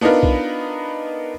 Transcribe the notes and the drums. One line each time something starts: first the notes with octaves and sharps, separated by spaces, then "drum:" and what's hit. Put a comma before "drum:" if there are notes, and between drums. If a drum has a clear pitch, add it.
B3 D4 D#4 F4 A#4 B4
drum: kick B1